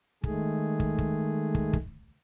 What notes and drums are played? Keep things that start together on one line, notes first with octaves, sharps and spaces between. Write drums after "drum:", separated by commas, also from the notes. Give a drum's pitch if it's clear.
D#3 G#3 A3 G#4, drum: kick
drum: kick
drum: kick
drum: kick
drum: kick